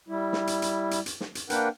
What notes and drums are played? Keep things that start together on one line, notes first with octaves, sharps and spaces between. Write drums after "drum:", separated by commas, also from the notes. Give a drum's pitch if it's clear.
G3 E4
drum: snare
drum: hi-hat
drum: hi-hat
drum: hi-hat
drum: hi-hat
drum: snare
drum: hi-hat
A#3 D4 A#4 B4 F#5 G5, drum: hi-hat